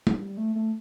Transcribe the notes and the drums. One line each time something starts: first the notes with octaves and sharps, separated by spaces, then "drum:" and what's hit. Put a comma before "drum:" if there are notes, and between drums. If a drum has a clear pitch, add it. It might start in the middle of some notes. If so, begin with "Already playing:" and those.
drum: tom
G3
A3
A3